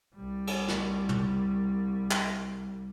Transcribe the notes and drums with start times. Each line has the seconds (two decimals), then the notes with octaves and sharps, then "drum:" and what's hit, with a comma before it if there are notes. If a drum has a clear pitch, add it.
0.16 C2 G3
0.47 drum: cymbal
0.68 drum: snare
1.09 drum: tom
2.11 drum: clap